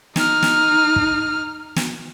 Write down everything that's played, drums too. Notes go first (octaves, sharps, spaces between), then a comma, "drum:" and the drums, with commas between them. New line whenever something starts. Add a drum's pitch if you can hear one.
D#4 F6, drum: snare
drum: snare
drum: kick
drum: snare